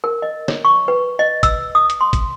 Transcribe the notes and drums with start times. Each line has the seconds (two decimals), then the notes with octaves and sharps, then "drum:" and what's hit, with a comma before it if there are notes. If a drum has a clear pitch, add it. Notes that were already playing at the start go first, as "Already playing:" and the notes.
0.04 A#4
0.22 D#5
0.48 C#5, drum: snare
0.65 C#6
0.88 B4
1.19 D#5
1.43 E6, drum: kick, hi-hat
1.75 D#6
1.90 drum: hi-hat
2.01 C6
2.13 drum: kick, hi-hat